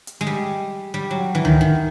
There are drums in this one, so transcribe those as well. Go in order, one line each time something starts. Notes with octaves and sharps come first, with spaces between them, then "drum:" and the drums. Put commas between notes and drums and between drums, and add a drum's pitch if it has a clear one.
drum: hi-hat
G#3
G3
G3
F#3
E3
D#3, drum: tom C#2
D#3